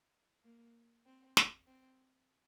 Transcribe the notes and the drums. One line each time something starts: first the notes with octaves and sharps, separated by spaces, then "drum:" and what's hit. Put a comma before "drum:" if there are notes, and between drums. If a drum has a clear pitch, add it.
A#3
C4
drum: snare
C4